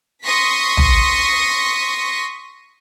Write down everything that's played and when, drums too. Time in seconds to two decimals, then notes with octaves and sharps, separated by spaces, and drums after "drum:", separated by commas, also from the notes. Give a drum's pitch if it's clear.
0.25 C6 C#6 D#6 A#6 B6
0.77 drum: tom